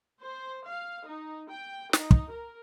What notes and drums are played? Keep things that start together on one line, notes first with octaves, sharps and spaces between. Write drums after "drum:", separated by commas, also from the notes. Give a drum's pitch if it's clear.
C5
F5
D#4
G5
D#4, drum: snare
drum: kick
A#4